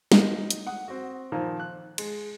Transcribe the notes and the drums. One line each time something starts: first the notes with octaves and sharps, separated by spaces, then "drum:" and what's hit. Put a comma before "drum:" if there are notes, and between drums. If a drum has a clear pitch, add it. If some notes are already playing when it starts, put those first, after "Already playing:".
D#4, drum: snare
drum: hi-hat
F#5 D#6
C4 F#4
A#2 D#3 F3
F#6
G#3, drum: cymbal